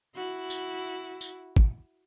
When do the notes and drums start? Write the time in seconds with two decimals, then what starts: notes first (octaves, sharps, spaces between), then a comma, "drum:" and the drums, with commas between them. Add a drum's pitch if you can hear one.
0.15 E4 F#4
0.50 drum: tambourine
1.21 drum: tambourine
1.57 drum: kick